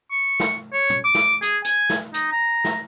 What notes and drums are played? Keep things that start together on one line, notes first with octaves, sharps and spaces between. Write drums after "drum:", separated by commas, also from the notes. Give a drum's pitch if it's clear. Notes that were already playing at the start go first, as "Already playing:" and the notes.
C#6
drum: snare
C#5
drum: tom A#2
D6
drum: snare
G#4, drum: hi-hat
G#5, drum: hi-hat
drum: snare
D#4, drum: hi-hat
A#5
drum: snare